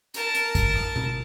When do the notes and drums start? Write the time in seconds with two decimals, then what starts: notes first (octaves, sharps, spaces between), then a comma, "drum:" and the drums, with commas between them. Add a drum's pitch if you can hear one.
0.14 A#4 A5, drum: hi-hat
0.35 drum: hi-hat
0.55 drum: kick, hi-hat
0.75 drum: rim click
0.96 drum: tom B2